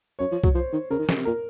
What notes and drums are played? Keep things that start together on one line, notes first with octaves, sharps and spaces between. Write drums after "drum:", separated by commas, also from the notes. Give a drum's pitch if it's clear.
F#2 C#5
F3
F#3, drum: kick C2
F3 C5
D#3
C#3 A#4
D#3
C#3, drum: snare
C3
A#2 A#4